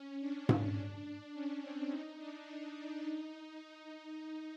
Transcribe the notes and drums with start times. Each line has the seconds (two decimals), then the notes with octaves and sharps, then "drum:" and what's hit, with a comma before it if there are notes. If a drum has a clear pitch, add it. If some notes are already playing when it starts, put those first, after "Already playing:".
Already playing: C#4
0.20 D4
0.49 C#4, drum: tom G#2
0.77 D4
1.34 C#4
1.62 C4
1.90 D#4
2.18 D4
2.47 D#4
2.74 D4
3.02 D#4
4.16 D#4